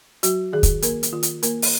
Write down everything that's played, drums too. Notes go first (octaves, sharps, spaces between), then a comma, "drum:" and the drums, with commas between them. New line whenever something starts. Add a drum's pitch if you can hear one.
F#3 F#4, drum: hi-hat
D#3 G#4
drum: kick, hi-hat
A#3 A#4, drum: hi-hat
drum: hi-hat
D#3 F4
drum: hi-hat
A#3 A#4, drum: hi-hat
drum: open hi-hat